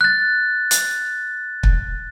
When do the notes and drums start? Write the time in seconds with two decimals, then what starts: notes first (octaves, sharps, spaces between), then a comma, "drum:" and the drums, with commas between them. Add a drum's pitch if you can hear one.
0.01 F#6 A6
0.71 drum: hi-hat
1.63 drum: kick